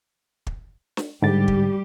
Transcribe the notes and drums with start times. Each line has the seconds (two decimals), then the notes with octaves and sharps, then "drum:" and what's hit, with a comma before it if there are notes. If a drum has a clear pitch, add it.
0.47 drum: kick
0.97 drum: snare
1.22 G#2 D3 G3 G4 A6
1.48 drum: kick